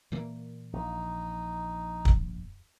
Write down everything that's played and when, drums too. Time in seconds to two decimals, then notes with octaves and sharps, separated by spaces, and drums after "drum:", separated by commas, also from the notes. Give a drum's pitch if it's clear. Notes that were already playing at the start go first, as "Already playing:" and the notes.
0.12 A#2 E3 A#3
0.73 A#1 D#4
2.05 drum: kick